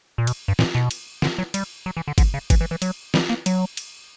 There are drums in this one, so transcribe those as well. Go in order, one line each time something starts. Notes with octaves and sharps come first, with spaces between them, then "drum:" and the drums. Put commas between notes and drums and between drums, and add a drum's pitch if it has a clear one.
A#2
B2, drum: cymbal
G2
A#2, drum: snare
B2
drum: cymbal
D3, drum: snare
F#3
G3, drum: cymbal
F#3
E3
D3
D3, drum: kick G1, cymbal
C#3
E3, drum: kick G1, cymbal
E3
E3
F#3, drum: cymbal
G3, drum: snare
A#3
F#3, drum: cymbal
drum: cymbal